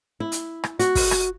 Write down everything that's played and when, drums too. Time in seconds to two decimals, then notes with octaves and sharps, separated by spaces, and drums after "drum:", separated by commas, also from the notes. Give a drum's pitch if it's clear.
0.20 E4
0.32 drum: hi-hat
0.64 drum: rim click
0.79 F#4, drum: hi-hat
0.95 drum: kick, open hi-hat
1.11 drum: rim click